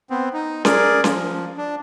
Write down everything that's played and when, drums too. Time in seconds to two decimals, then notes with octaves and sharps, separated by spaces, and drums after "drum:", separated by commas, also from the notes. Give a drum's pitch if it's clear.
0.10 B3 C4
0.33 D#4
0.65 G#4 A#4 D5, drum: snare C#4
1.04 F3, drum: snare C#4
1.58 D4